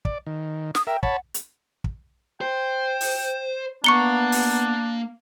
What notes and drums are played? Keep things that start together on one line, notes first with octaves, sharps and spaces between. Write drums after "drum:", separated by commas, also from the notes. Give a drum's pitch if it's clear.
D5, drum: kick
D#3
D#6, drum: snare
A#4 E5 G5
C#5 F#5 A5 B5, drum: kick
drum: hi-hat
drum: kick
C5 G5
drum: open hi-hat
A#3 B3 D4 A#5 C#6 C#7 G7
drum: open hi-hat